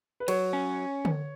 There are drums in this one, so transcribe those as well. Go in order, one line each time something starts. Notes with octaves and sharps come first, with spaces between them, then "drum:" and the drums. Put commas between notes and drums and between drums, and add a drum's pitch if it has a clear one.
B4
F#3 C#5, drum: cymbal
C#4
drum: tom D3